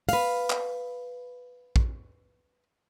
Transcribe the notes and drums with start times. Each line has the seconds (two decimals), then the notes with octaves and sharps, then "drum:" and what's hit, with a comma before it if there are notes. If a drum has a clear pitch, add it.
0.09 B4 F5, drum: open hi-hat
0.50 drum: clap
1.76 drum: kick